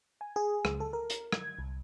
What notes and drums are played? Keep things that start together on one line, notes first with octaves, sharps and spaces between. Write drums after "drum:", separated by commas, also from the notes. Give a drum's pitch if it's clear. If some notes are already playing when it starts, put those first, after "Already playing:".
G#5
G#4
C#2, drum: rim click
A4
A#4
drum: hi-hat
G#6, drum: rim click
C2